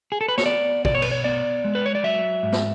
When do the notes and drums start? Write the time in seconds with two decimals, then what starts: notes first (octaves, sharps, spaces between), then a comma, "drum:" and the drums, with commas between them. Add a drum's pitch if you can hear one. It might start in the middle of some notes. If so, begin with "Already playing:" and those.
0.12 G#4
0.21 A4
0.28 B4
0.38 C#5, drum: snare
0.46 B3 D5
0.85 B2 D5, drum: kick
0.95 C#5
1.02 B4, drum: cymbal
1.11 C#5
1.24 B3 D5
1.64 G#3
1.75 B4
1.86 C#5
1.95 D5
2.04 F#3 E5
2.43 G#2
2.52 drum: snare